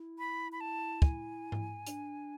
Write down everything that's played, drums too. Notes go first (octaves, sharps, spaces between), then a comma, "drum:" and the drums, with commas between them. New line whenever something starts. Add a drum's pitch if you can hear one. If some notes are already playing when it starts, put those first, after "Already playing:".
Already playing: E4
B5
B5
A5
G#5, drum: kick
drum: tom G#2
D4, drum: hi-hat